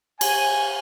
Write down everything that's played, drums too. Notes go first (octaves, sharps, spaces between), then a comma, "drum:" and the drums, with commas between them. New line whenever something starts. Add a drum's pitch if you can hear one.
G#5, drum: cymbal